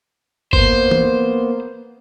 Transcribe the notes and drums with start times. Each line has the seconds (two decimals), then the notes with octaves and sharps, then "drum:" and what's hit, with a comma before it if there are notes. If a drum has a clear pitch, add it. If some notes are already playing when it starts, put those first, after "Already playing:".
0.53 A#3 B3 C5, drum: kick G1
0.91 drum: tom